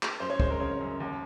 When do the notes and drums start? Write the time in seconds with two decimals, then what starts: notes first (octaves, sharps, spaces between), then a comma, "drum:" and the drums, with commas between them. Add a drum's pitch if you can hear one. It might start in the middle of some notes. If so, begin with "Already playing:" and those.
0.03 drum: clap
0.20 F#2 C5
0.30 C#5
0.40 G#3 C5, drum: kick
0.50 A#4
0.60 C#3 C#5
0.81 F#2
1.00 D#2